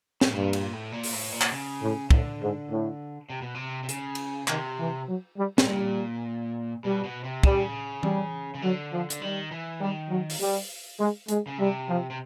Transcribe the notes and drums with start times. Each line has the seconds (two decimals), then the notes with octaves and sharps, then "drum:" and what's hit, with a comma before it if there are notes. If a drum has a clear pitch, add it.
0.21 A2, drum: snare
0.34 G2 A#2
0.53 A#2, drum: cymbal
0.73 A2
0.92 A#2
1.04 drum: open hi-hat
1.13 A2
1.32 A#2
1.41 drum: clap
1.52 C#3
1.82 A2
2.11 A2 D3, drum: kick
2.41 G#2
2.70 A2
3.30 C3
3.42 B2
3.55 C3
3.83 C3
3.89 C#3, drum: hi-hat
4.15 drum: cymbal
4.48 C3 D#3, drum: clap
4.78 E3
5.07 F#3
5.37 G3
5.58 A2, drum: snare
5.66 A#2 G3
6.84 B2 G3
7.04 B2
7.24 C3
7.43 C#3 G3, drum: kick
8.03 G3, drum: tom E3
8.55 C#3
8.62 D3 F#3
8.93 F3
9.10 D3, drum: hi-hat
9.22 D#3 G3
9.51 E3
9.81 D#3 G3
10.10 F#3
10.30 drum: open hi-hat
10.40 G3
10.99 G#3
11.28 G#3, drum: hi-hat
11.47 C#3
11.58 C3 G3
11.88 F3
12.10 C3